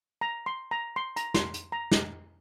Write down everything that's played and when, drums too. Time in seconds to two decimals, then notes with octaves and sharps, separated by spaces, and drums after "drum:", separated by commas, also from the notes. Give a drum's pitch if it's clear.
0.21 A#5
0.46 C6
0.71 A#5
0.96 C6
1.16 A#5, drum: hi-hat
1.34 C6, drum: snare
1.54 drum: hi-hat
1.72 A#5
1.91 drum: snare